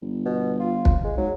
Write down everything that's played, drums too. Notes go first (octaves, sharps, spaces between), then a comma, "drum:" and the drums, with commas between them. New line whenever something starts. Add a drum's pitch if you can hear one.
G1
B2
F4
drum: kick
G#3
G#2 F#3